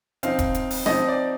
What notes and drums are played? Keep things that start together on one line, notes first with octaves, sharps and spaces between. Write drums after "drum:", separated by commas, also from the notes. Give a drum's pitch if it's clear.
F3 C4 D#4 F5, drum: hi-hat
drum: kick D#1, hi-hat
drum: hi-hat
drum: open hi-hat
F3 C4 D#4 D#5, drum: rim click
D5